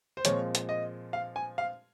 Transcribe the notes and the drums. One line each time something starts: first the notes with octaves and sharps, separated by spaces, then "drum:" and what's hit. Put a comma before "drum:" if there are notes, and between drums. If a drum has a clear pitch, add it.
C5
A#2 F3 G#3 C4 C#5, drum: hi-hat
drum: hi-hat
D#5
F5
G#5
F5